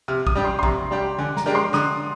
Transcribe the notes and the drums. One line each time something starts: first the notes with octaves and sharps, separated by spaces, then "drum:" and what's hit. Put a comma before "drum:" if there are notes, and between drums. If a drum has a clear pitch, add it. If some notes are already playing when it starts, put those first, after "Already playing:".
C3 F6
D#6, drum: kick A#1
G3 D4 G4
C6
C6
C3 A#5, drum: kick A#1
G3 D4 G4
D3 G#5
A#5, drum: snare
G#3 D4 G4 A#4
C6
D3 D#6, drum: snare